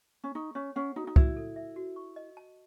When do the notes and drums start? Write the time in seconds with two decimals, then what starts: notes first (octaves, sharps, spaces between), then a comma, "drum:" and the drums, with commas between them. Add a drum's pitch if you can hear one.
0.24 C#4
0.35 D#4 C#6
0.55 C#4 C#5
0.76 C#4 F#5
0.96 D#4 F#4
1.07 D#4
1.16 E4 F#4, drum: kick
1.37 A4
1.56 E5
1.76 F#4
1.96 C#6
2.16 D#5
2.37 A5